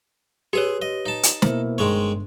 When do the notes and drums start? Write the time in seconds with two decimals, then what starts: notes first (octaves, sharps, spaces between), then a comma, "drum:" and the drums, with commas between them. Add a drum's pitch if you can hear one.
0.53 G4 G#4 B4 C#5 D#6
0.82 D#5
1.06 D#4 A5
1.23 drum: hi-hat
1.42 B2 A#3 E4 C5, drum: snare
1.78 G1 D#3 G#3 C#5 C6